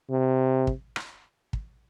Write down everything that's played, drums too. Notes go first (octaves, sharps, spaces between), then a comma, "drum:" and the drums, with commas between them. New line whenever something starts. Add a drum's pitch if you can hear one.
C3
drum: kick
drum: rim click
drum: kick